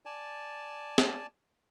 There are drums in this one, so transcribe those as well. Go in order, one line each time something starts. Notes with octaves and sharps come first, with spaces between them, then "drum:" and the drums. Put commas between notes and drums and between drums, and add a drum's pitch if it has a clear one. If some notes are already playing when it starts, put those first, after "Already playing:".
D5 G#5 A5
drum: snare